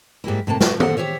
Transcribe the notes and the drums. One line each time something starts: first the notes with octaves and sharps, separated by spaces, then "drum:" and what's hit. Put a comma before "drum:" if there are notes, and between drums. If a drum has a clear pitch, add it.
G#2 G3 A#3 E4
A2 C3 A#3 A5
B3 F#4, drum: snare
A#3 A4 C5 F#5, drum: tom D#3
G4 G#4 C5 C#5 E5